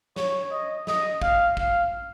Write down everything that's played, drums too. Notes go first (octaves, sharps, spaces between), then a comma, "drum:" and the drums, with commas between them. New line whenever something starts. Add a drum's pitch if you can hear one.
C#5, drum: snare
D#5
D#5, drum: snare
F5, drum: kick
F5, drum: kick